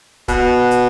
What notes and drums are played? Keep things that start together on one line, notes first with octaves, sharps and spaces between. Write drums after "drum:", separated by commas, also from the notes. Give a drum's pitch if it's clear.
B2, drum: kick C#1, hi-hat
drum: hi-hat